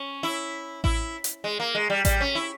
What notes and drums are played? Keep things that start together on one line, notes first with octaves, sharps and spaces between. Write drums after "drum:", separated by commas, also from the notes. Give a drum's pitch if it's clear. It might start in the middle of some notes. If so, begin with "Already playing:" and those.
Already playing: C#4
E4
E4, drum: kick A1
drum: hi-hat
G#3
A#3
G#3
G3
G3, drum: kick A1, hi-hat
C#4
E4